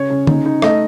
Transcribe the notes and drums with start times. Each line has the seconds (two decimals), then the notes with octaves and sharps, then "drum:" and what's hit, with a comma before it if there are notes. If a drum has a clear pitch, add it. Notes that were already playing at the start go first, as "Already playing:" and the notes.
Already playing: C#3 C#5
0.10 C#3
0.27 D#4, drum: tom D3
0.46 D#4
0.62 A3 D#5, drum: rim click